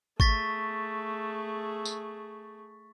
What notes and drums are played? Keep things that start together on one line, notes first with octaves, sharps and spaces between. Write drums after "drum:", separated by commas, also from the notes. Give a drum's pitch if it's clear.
A3 G#4 C#6 A6 B6, drum: kick G#1
drum: tambourine